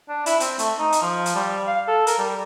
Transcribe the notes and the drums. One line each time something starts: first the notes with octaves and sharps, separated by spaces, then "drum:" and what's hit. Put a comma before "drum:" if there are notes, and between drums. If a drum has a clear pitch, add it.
D4
E4, drum: hi-hat
C4, drum: hi-hat
A3, drum: hi-hat
D#4
drum: hi-hat
F3
drum: hi-hat
G3
F5
A4
A#4, drum: hi-hat
G3